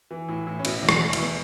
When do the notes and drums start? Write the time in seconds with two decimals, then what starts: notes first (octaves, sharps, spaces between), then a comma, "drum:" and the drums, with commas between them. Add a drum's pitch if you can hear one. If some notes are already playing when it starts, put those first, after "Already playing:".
0.11 E3
0.28 A2
0.47 A2
0.59 C#4
0.65 B2 E4, drum: cymbal
0.82 E2
0.89 F#4, drum: rim click
1.01 E2
1.13 E4, drum: cymbal
1.19 B3